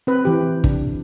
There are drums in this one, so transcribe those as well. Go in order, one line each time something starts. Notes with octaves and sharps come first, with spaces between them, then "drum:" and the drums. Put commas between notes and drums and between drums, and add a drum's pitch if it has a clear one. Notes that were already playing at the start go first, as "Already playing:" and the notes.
C4 B4
E3 G4
D4, drum: kick